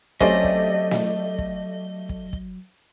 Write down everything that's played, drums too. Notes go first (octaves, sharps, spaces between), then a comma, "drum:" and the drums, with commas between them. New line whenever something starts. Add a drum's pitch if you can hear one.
F#3 A3 C4 C#4 G4 D5 D#5, drum: kick
drum: kick
drum: snare
drum: kick
drum: kick
drum: kick